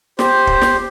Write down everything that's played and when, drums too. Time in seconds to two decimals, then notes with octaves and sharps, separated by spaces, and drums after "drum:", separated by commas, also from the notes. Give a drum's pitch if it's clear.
0.19 G4 C5, drum: snare
0.47 drum: kick
0.61 drum: snare